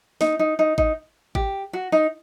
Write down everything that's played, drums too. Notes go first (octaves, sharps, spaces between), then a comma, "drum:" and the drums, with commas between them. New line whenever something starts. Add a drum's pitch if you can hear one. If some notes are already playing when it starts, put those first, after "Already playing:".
D#4, drum: snare
D#4
D#4
D#4, drum: kick G#1
G4, drum: kick G#1
F#4
D#4